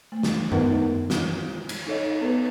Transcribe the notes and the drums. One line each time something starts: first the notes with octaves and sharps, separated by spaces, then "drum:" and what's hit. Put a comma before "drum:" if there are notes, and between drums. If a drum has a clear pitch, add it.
A3
drum: snare
B3 D#4 A#4 B4 D#5 F#5, drum: tom F#2
drum: snare
drum: cymbal
D#4 A4 C#5 D#5
B3 A4 B4